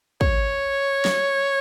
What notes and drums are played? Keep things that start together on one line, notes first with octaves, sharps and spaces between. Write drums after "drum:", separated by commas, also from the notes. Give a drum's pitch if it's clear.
C#5, drum: kick
drum: snare